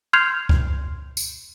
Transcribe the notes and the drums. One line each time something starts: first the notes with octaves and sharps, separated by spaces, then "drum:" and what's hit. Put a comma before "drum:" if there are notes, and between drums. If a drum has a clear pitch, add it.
C6 F6 G6 G#6 C7 F7
drum: kick C#2
drum: tambourine